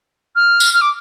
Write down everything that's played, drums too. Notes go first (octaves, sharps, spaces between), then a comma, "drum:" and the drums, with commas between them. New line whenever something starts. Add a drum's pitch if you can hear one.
F6
drum: tambourine
F6
D6